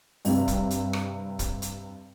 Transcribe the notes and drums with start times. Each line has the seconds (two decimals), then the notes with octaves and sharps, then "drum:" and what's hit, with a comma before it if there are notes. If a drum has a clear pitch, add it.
0.25 G2 C3, drum: open hi-hat
0.48 drum: kick, hi-hat
0.70 drum: hi-hat
0.93 drum: rim click
1.39 drum: kick, hi-hat
1.62 drum: hi-hat